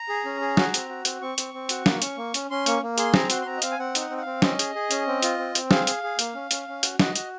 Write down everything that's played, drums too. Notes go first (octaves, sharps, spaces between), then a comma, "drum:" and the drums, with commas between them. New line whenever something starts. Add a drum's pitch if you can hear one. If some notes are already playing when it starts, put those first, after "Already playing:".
Already playing: A#5
G#4
C#4
G#4
F#4, drum: snare
C4, drum: hi-hat
F#4
C4, drum: hi-hat
C4 C#6
C4, drum: hi-hat
C4
F#4, drum: hi-hat
A#3, drum: snare
C#4, drum: hi-hat
A#3
C#4, drum: hi-hat
C#4 C6
A#3 C#6, drum: hi-hat
A#3
G#4 C6, drum: hi-hat
C4 A#5, drum: snare
F#4 C6, drum: hi-hat
C6
C4 A#5
D#5
C4 F5, drum: hi-hat
G#5
C4 F#5
D#4, drum: hi-hat
F#5
C4
F#5
C4 F5
C#4 D#5, drum: snare
G#4, drum: hi-hat
G#4
C#4, drum: hi-hat
C4
F4, drum: hi-hat
C4
C4, drum: hi-hat
G#4 F5, drum: snare
G#4, drum: hi-hat
G#4
A#3, drum: hi-hat
C#4
C#4, drum: hi-hat
C#4
F#4, drum: hi-hat
F#4 D#5, drum: snare
F#4, drum: hi-hat